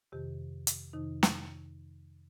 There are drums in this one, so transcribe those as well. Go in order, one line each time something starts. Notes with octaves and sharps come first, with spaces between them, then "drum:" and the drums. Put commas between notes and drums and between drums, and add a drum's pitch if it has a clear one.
F2 C3 D#3 G4
drum: hi-hat
F2 C3 D#3 D#4
drum: snare